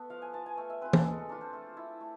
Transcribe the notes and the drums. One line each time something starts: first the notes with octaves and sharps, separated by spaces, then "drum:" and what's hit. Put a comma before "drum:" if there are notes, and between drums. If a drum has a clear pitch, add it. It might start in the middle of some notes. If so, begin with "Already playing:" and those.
Already playing: A3 B3 A4 B4
F3 F5
G#5
B3 F4 A5
G#5
A3 G#5
E5
C4 F4 B4
A4, drum: tom
G#3 A4
A4
D4 F4 A4
C5
A3
E4
A3